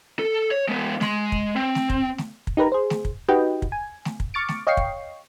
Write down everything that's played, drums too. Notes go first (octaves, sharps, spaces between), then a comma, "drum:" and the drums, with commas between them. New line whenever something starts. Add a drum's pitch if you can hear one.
A4
C#5
G#3 B3
G#3 C6, drum: snare
drum: kick
C4
drum: snare
drum: kick
drum: snare
drum: kick
D#4 G4 A#4 B4 A#5
G#4 C5
drum: snare
drum: kick
D#4 F#4 G4 B4 D#5 G5
drum: kick
G#5
drum: snare
drum: kick
C#6 D6 F6 A6 C#7 D7
drum: snare
C#5 D#5 F5 G5 C#6 C7
drum: kick